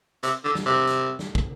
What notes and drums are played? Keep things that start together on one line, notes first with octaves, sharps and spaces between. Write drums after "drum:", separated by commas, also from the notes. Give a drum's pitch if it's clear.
C3, drum: hi-hat
D3
drum: snare
C3
drum: hi-hat
drum: snare
drum: kick